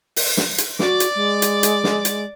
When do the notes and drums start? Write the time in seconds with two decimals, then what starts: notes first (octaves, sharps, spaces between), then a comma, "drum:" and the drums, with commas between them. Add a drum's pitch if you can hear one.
0.16 drum: open hi-hat
0.37 drum: snare
0.58 drum: hi-hat
0.79 F#4 D5 D6, drum: snare
1.00 drum: hi-hat
1.15 G#3
1.42 drum: hi-hat
1.63 drum: hi-hat
1.84 drum: snare
2.05 drum: hi-hat